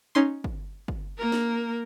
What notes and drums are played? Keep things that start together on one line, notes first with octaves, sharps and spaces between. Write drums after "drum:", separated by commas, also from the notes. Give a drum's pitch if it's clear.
C#4 D#4 C6
drum: kick
drum: kick
A#3 A#4
drum: snare